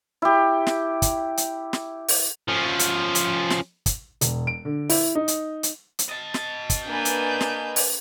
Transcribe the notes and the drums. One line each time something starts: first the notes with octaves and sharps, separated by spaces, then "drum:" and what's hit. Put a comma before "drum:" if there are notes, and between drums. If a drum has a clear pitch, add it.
E4 G4
drum: snare
drum: kick, hi-hat
drum: hi-hat
drum: snare
drum: open hi-hat
F3 C#4
drum: hi-hat
drum: hi-hat
drum: snare
drum: kick, hi-hat
E1, drum: hi-hat
D7
D3
E4, drum: open hi-hat
D#4
drum: hi-hat
drum: hi-hat
drum: hi-hat
D#5 A5
drum: snare
drum: kick, hi-hat
A#3 D4 B4 G#5 G6
drum: hi-hat
drum: snare
drum: open hi-hat